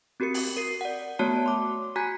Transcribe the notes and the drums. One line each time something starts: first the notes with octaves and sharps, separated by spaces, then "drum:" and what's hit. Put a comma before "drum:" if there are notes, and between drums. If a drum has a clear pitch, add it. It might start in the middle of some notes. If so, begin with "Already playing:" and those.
C4 F#4 G4 A#4 C#7
drum: open hi-hat
A#4 C7
D5 F#5
A3 B3 F#4 C#5 A5
C6 D6
F#4 G#5 A#5 F#6 G#6 B6